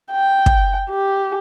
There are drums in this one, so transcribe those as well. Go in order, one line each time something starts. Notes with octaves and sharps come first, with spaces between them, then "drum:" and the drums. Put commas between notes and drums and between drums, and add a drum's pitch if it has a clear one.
G5
drum: kick
G4